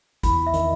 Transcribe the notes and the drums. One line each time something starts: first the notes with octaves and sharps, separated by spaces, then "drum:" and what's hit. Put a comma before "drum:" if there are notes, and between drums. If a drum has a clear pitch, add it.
E2 B5, drum: kick A1, hi-hat
E5
D#3, drum: hi-hat